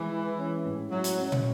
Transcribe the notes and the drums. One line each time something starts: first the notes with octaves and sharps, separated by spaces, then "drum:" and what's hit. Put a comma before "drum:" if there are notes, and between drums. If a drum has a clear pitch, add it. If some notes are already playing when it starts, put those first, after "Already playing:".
Already playing: E3 G#3
E4
C#4
A2
F#3 E4
drum: hi-hat
C#4
drum: tom